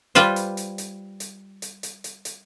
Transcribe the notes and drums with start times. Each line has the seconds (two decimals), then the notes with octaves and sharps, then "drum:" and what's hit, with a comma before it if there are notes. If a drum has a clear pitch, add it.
0.15 G3 F4 B4 C5, drum: hi-hat
0.36 drum: hi-hat
0.57 drum: hi-hat
0.78 drum: hi-hat
1.20 drum: hi-hat
1.62 drum: hi-hat
1.83 drum: hi-hat
2.04 drum: hi-hat
2.25 drum: hi-hat